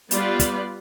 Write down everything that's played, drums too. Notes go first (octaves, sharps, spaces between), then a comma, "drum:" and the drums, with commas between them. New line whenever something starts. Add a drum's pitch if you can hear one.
G3 B3 F4 B4 D5, drum: hi-hat
drum: kick, hi-hat